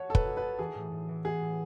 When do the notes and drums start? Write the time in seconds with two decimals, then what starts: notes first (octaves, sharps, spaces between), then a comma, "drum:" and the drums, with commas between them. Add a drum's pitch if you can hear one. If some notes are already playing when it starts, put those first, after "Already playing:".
Already playing: A3 F#4 C#5
0.09 D#4 A4
0.15 B4, drum: kick
0.26 F#4
0.37 A4 B4
0.58 E3 G#4
0.75 A2
0.91 A2
1.08 E3
1.25 B3 G#4
1.41 A2